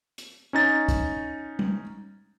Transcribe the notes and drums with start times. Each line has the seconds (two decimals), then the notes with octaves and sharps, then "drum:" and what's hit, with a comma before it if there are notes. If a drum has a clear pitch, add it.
0.18 drum: hi-hat
0.53 C#4 D#4 A6
0.89 drum: kick, hi-hat
1.59 drum: tom G3